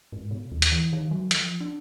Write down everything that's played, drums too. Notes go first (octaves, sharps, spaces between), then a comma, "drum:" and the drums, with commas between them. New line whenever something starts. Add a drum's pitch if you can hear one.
G#2
B2
D#2
drum: hi-hat
E3
D#3
F#3
F3, drum: hi-hat
D4